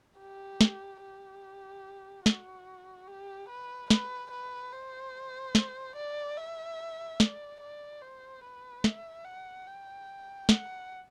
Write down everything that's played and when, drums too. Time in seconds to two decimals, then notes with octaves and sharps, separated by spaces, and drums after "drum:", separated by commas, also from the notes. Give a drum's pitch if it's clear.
0.19 G4
0.61 drum: snare
1.02 G4
2.26 F#4, drum: snare
3.07 G4
3.49 B4
3.90 B4, drum: snare
4.31 B4
4.72 C5
5.55 drum: snare
5.96 D5
6.37 E5
7.20 D5, drum: snare
7.60 D5
8.01 C5
8.44 B4
8.84 E5, drum: snare
9.25 F#5
9.67 G5
10.49 F#5, drum: snare